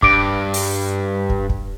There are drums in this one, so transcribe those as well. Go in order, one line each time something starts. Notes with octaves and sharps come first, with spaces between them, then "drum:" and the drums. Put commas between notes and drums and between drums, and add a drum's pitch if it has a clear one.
G2 D6 D7, drum: kick
drum: open hi-hat
drum: kick
drum: kick